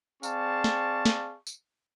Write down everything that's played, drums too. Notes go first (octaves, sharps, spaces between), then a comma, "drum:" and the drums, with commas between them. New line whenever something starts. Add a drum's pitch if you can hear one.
C4 G#4 D5 F5 A5 C#6, drum: tambourine
drum: snare
drum: snare
drum: tambourine